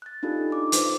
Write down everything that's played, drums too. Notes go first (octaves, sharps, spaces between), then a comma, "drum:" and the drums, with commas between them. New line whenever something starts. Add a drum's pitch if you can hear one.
F#6 A6
D4 D#4 F4 G4 A4
D#4 D6
F4 B4 C5, drum: hi-hat